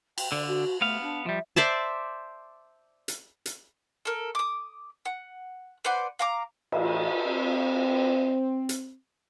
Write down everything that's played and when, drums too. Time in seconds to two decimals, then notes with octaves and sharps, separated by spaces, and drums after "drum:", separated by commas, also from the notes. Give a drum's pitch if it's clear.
0.18 G5, drum: cymbal
0.32 D3 D5
0.47 F#4
0.82 A3 B3 F5
1.02 D4
1.26 F3 G3 E5
1.56 C5 D5 E5 A5
3.08 drum: hi-hat
3.46 drum: hi-hat
4.05 A4 A#4
4.35 D6 D#6
5.05 F#5
5.85 B4 C5 D5 F#5
6.19 F5 A#5 D6
6.72 A2 E3, drum: cymbal
7.26 C4
8.69 drum: hi-hat